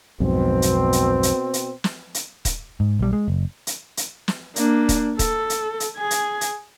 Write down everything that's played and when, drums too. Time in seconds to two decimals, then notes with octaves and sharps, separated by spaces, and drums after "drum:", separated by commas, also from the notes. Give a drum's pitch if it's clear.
0.20 B1 F2 G#2 B2 C4
0.62 drum: hi-hat
0.93 drum: hi-hat
1.23 drum: hi-hat
1.54 drum: hi-hat
1.84 drum: snare
2.14 drum: hi-hat
2.45 drum: kick D#1, hi-hat
2.80 G#2
2.99 B1 G3
3.13 G#3
3.28 F#1
3.67 drum: hi-hat
3.97 drum: hi-hat
4.28 drum: snare
4.56 A#3 D4, drum: hi-hat
4.89 drum: kick D#1, hi-hat
5.19 A4, drum: kick D#1, hi-hat
5.50 drum: hi-hat
5.80 drum: hi-hat
5.98 G#4 G#5
6.11 drum: hi-hat
6.41 drum: hi-hat